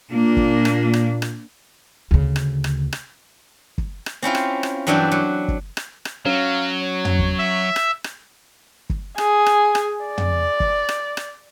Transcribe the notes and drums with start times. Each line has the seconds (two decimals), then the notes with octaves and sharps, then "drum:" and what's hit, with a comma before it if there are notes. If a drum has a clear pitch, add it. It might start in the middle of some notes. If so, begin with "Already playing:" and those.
0.12 A#2 A#3 D4
0.37 drum: kick
0.65 drum: rim click
0.94 drum: rim click
1.22 drum: rim click
2.11 D2 C#3
2.36 drum: rim click
2.64 drum: rim click
2.93 drum: rim click
3.78 drum: kick
4.06 drum: rim click
4.22 C4 C#4 E4 F4
4.35 drum: rim click
4.63 drum: rim click
4.87 G2 E3 F#3 D4 E5 G5
5.12 F#3
5.48 drum: kick
5.77 drum: rim click
6.05 drum: rim click
6.25 F#3 C#4 F5
6.81 C#5
7.05 drum: tom
7.19 drum: kick
7.39 E5
7.76 drum: rim click
8.04 drum: rim click
8.90 drum: kick
9.18 G#4, drum: rim click
9.46 drum: rim click
9.75 drum: rim click
10.06 D5
10.18 drum: tom
10.60 drum: kick
10.89 drum: rim click
11.17 drum: rim click